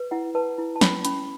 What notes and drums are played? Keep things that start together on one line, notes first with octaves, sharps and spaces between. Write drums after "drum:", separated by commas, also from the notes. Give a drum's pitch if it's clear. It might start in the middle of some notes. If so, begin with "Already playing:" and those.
Already playing: B4
E4 F#5
B4 A5
E4
A5
C#4 B5, drum: snare
C#4 B5, drum: hi-hat